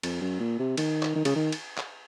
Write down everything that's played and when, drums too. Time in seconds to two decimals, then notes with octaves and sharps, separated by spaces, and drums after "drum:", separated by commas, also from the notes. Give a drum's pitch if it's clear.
0.03 F2, drum: cymbal
0.21 F#2
0.40 A#2
0.59 C3
0.77 D#3, drum: cymbal
1.03 drum: clap
1.15 D#3
1.25 C#3, drum: cymbal
1.36 D#3
1.52 drum: cymbal
1.77 drum: clap